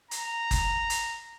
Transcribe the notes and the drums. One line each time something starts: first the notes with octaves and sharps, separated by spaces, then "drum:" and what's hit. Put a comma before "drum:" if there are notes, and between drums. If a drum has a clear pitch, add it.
A#5, drum: hi-hat
drum: kick, hi-hat
drum: hi-hat